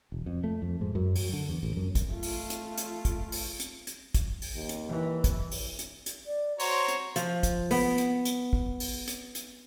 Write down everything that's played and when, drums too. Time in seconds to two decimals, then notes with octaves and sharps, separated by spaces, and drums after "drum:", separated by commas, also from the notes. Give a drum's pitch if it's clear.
0.12 E1
0.26 F2
0.44 A3
0.62 F2
0.81 G#2
0.95 F#2
1.16 F#3, drum: open hi-hat
1.33 D3
1.49 E2
1.63 A1
1.76 F#2
1.95 drum: kick, hi-hat
2.13 A3 F4
2.23 drum: open hi-hat
2.50 drum: hi-hat
2.78 drum: hi-hat
3.05 drum: kick, hi-hat
3.32 drum: open hi-hat
3.60 drum: hi-hat
3.87 drum: hi-hat
4.14 drum: kick, hi-hat
4.42 drum: open hi-hat
4.55 D#2
4.69 drum: hi-hat
4.88 E3
5.24 drum: kick, hi-hat
5.51 drum: open hi-hat
5.79 drum: hi-hat
6.06 drum: hi-hat
6.27 D5
6.60 F#4 C5 C#5 A#5 C6, drum: open hi-hat
6.88 drum: hi-hat
7.16 F3, drum: hi-hat
7.43 drum: kick, hi-hat
7.71 B3, drum: open hi-hat
7.98 drum: hi-hat
8.25 drum: hi-hat
8.53 drum: kick
8.80 drum: open hi-hat
9.08 drum: hi-hat
9.35 drum: hi-hat